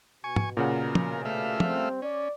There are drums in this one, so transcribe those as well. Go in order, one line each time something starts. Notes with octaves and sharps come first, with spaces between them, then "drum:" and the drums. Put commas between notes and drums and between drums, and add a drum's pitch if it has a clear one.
B2 G#5 C#6
drum: tom
A#2 C#3 A#4 F#5
drum: tom
A3 E5 F5
G3 C4, drum: tom
C#4 D5